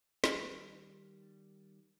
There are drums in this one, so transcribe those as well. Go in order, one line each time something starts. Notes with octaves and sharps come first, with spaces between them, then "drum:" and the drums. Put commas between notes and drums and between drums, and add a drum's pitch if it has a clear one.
D#3 G3, drum: snare